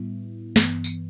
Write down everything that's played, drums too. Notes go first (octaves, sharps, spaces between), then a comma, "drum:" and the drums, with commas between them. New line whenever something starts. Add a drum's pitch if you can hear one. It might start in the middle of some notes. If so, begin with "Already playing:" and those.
Already playing: A2 G3 B3 E4
G2 E3 B3, drum: snare
drum: tambourine